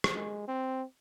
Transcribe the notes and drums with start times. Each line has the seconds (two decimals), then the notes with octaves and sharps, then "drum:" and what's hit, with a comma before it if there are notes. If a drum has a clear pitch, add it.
0.04 drum: rim click
0.16 G#3
0.48 C4